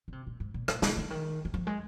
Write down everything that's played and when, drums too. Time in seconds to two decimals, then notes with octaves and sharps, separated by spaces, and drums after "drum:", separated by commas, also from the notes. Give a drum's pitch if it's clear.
0.08 D3
0.12 C3
0.27 A#2
0.40 G#2
0.54 A#2
0.68 A#2, drum: rim click
0.82 C3, drum: snare
0.97 D3
1.10 D#3
1.45 D#3
1.54 F3
1.67 G#3